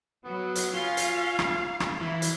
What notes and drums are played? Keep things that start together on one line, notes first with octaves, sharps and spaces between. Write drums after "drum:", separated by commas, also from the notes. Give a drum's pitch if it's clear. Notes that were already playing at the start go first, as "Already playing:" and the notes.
F#3 B3
drum: hi-hat
C#4 F4 F5
drum: hi-hat
drum: rim click
drum: rim click
E3 E4
drum: hi-hat